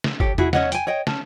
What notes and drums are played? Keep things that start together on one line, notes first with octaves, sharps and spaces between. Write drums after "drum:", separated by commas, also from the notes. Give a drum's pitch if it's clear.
drum: snare
G4 A4 C#5, drum: kick G1
E4 F#4 G#4, drum: tom E2
C#4 C#5 D#5 F#5, drum: snare
G5 G#5, drum: hi-hat
C#5 D#5 G5
C#4 A5, drum: snare